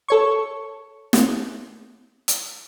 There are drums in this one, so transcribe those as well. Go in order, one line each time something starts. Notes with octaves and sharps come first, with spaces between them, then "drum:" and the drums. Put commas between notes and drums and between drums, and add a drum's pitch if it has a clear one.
A4 C#5 C#6
drum: snare
drum: hi-hat